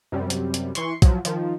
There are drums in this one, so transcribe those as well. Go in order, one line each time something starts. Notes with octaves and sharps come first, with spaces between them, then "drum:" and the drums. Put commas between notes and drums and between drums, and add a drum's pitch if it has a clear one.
F#2 C3 G3
drum: hi-hat
drum: hi-hat
E3 C6 C#6, drum: hi-hat
F3 F#3, drum: kick, hi-hat
D#3 F3, drum: hi-hat